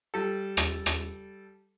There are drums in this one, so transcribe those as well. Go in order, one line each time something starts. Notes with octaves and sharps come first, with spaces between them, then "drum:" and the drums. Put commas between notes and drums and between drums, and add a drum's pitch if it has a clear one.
G3 A4
drum: rim click
drum: rim click